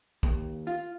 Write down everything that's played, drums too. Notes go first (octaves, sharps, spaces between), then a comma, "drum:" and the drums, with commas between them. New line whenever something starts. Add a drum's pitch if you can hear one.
D#2, drum: kick
F4